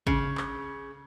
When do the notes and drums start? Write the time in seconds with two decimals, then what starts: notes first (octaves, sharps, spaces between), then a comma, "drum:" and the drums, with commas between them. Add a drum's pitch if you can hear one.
0.07 C#3, drum: kick
0.38 drum: clap